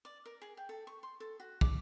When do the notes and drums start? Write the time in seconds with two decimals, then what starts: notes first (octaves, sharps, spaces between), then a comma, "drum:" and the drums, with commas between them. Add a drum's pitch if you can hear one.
0.05 D5
0.26 A#4
0.42 G#4
0.57 G5
0.69 A4
0.87 C#6
1.03 C6
1.20 A4
1.40 F#4
1.61 D6, drum: kick